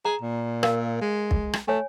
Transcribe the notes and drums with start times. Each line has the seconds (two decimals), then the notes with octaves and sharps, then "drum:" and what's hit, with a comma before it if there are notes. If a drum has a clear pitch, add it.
0.05 G#4 A#5
0.22 A#2
0.63 A#4 F5, drum: rim click
1.01 G#3
1.31 drum: kick
1.53 drum: rim click
1.68 A3 C#5 G#5